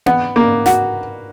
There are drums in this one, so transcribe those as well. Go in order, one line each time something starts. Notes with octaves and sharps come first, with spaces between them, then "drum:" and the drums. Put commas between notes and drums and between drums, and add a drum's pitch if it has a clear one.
B3, drum: tom B3
A#3
F#4, drum: snare